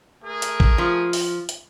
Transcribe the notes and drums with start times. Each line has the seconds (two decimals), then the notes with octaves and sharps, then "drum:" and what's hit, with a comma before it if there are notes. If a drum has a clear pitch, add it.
0.24 A3 G#4 A#4
0.42 drum: hi-hat
0.60 drum: kick
0.78 F3 F4
1.13 drum: open hi-hat
1.49 drum: hi-hat